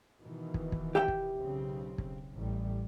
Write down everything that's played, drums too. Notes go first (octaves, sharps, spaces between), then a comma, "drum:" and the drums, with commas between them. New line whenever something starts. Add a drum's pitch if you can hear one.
B2 D#3 E3
drum: kick
drum: kick
G4 E5 G5
drum: kick
B1 C#3 C4
drum: kick
A1 A2 G3